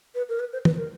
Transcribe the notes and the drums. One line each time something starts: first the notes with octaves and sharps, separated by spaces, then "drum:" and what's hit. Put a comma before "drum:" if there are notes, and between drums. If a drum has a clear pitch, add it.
B4
A#4
B4
C5
B4, drum: tom
A#4